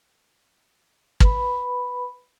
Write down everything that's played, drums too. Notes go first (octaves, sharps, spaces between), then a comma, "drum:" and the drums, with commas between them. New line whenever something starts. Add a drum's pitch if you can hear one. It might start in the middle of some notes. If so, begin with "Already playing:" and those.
B4 B5, drum: kick